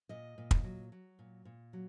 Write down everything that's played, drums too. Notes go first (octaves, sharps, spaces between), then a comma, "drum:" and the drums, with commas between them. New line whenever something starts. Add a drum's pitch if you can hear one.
A#2 D#5
A#2
drum: kick
F#3
F#3
A#2
A#2
F#3